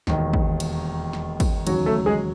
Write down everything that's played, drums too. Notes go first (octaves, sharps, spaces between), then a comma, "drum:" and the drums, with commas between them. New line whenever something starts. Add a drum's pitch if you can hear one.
E1 D#2 D#3, drum: snare
drum: kick
drum: cymbal
drum: snare
drum: kick, cymbal
E1 D#2 C#3 F#3 F#4, drum: cymbal
A3 A4
G#3 G#4